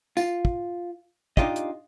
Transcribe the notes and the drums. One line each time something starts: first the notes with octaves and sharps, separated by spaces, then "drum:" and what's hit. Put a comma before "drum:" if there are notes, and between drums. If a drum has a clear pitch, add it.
F4, drum: tambourine
drum: kick
D4 D#4 F4 G4 D#5, drum: kick
drum: hi-hat